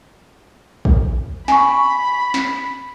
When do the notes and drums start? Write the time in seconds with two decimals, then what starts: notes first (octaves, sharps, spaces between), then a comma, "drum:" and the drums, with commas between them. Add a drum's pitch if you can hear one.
0.85 drum: kick
1.48 G#5 B5 C#6, drum: snare
2.34 drum: snare